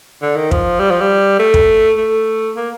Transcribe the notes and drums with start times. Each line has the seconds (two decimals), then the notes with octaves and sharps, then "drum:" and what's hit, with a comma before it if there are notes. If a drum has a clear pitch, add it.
0.22 D3
0.36 D#3
0.51 F3, drum: kick
0.80 G3
0.90 F3
1.01 G3
1.39 A3
1.54 drum: kick
1.97 A3
2.57 A#3